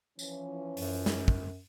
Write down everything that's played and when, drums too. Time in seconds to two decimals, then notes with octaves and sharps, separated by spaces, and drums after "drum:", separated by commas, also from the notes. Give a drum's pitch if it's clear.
0.19 E3 F3 C#4, drum: tambourine
0.77 F#2, drum: open hi-hat
1.06 drum: snare
1.28 drum: kick